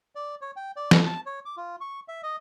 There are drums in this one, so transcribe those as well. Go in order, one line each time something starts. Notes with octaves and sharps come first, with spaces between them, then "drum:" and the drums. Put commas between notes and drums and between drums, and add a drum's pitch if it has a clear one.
D5
C#5
G5
D5
A3, drum: snare
A5
C#5
D6
F4
C#6
E5
D#5